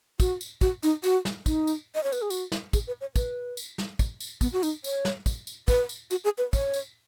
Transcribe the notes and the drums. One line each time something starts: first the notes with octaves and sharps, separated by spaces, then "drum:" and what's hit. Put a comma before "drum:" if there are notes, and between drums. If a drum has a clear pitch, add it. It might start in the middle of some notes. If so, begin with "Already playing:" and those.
F#4, drum: kick, tambourine
drum: tambourine
F#4, drum: kick, tambourine
D#4, drum: tambourine
F#4, drum: tambourine
drum: snare
D#4, drum: kick, tambourine
drum: tambourine
D#5
C#5
B4, drum: tambourine
G#4
F#4, drum: tambourine
drum: snare
G#4, drum: kick, tambourine
B4
C#5
B4, drum: kick, tambourine
drum: tambourine
drum: snare
drum: kick, tambourine
drum: tambourine
B3, drum: kick, tambourine
F#4
D#4, drum: tambourine
C#5, drum: tambourine
drum: snare
drum: kick, tambourine
drum: tambourine
B4, drum: kick, tambourine
drum: tambourine
F#4, drum: tambourine
G#4
B4
C#5, drum: kick, tambourine
drum: tambourine